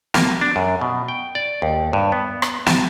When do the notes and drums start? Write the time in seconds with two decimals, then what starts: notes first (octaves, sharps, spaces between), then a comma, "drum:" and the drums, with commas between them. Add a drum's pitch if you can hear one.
0.14 A#3, drum: snare
0.41 D4
0.56 F#2
0.81 B2
1.08 G5
1.35 D5
1.62 D#2
1.93 G2
2.12 B3
2.42 drum: rim click
2.66 A5, drum: snare